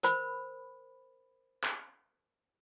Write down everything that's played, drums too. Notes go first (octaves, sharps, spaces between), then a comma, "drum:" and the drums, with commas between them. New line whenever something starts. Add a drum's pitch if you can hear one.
A#4 C5 B5, drum: hi-hat
drum: clap